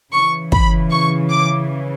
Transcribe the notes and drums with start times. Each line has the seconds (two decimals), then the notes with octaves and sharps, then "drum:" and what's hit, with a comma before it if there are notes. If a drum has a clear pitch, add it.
0.13 C#3 E3 C#6
0.52 B5, drum: kick
0.91 C#6
1.30 D6